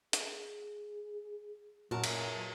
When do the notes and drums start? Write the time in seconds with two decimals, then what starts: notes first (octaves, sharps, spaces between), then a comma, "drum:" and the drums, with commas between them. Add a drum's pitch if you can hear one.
0.13 G#4, drum: hi-hat
1.91 F#2 A#2 F#3 F#4 A#4 A5 A#5
2.04 drum: cymbal